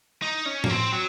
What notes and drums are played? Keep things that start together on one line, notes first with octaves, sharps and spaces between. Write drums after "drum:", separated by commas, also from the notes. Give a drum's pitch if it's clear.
D#4
C#4
A#3, drum: tom A2
C4
F#3